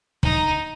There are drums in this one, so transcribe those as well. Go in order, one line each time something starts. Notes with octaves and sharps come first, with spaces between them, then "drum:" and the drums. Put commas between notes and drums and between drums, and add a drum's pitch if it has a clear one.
D#4, drum: kick